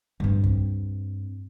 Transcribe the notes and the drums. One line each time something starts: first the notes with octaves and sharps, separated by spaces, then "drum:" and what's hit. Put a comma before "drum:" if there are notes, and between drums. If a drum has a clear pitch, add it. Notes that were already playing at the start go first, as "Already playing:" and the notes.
G2 C4
drum: kick